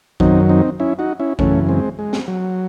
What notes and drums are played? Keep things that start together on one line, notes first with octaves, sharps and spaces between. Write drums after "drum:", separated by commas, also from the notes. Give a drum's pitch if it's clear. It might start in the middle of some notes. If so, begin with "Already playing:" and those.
F#2 D#3 F#3 C4 D#4, drum: kick A#1
C4 D#4
C#4 E4
D#4 F#4
C#4 E4
F#2 C#3 E3 A3 C#4, drum: kick A#1
G#3 C4
G#3
drum: snare
F#3